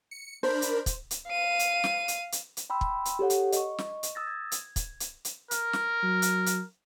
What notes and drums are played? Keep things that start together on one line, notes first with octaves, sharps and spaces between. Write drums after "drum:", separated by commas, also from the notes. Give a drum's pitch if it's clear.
C#7
D4 A#4 C5 B5
drum: hi-hat
drum: kick, hi-hat
drum: hi-hat
F5 D#7
drum: hi-hat
drum: snare
drum: hi-hat
drum: hi-hat
drum: hi-hat
G5 B5 C6 E6
drum: kick
drum: hi-hat
G4 A4 C#5 F#5
drum: hi-hat
D#5 C#6, drum: hi-hat
drum: snare
drum: hi-hat
D#6 E6 A6 A#6
G#6
drum: hi-hat
drum: kick, hi-hat
drum: hi-hat
drum: hi-hat
A#4, drum: hi-hat
drum: snare
F#3
drum: hi-hat
drum: hi-hat